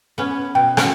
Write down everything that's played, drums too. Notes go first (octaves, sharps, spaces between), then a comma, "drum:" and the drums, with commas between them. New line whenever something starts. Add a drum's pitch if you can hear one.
B3 C#4
B2 G5
C#4 F#4, drum: rim click